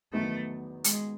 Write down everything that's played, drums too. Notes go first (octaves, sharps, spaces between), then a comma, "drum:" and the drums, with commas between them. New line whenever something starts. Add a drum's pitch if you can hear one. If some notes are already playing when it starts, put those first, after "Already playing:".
E2 D#3 F#3 A3 B3 D#4
G#3, drum: hi-hat